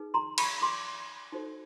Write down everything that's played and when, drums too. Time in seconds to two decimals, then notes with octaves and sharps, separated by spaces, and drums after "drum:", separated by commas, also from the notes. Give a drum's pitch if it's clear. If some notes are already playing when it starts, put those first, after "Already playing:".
Already playing: D#4 G#4 B4
0.14 A#5 C6
0.38 B5 C#6, drum: cymbal
0.61 C6 D6
1.32 D#4 F#4 A4 C5